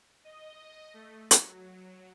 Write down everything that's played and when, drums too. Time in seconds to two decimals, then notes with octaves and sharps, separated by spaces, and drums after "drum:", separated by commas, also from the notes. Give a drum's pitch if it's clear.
0.24 D#5
0.94 A3
1.31 F#3, drum: hi-hat